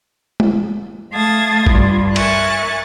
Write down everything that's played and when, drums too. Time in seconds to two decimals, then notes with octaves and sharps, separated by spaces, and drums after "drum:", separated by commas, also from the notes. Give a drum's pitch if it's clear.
0.40 drum: tom G#3
1.12 A3 F5 A5 D#6 G#6 A6
1.67 G2 G3 F4, drum: kick G#1
2.16 A#4 E5 G#5 C#6 F#6 A6, drum: cymbal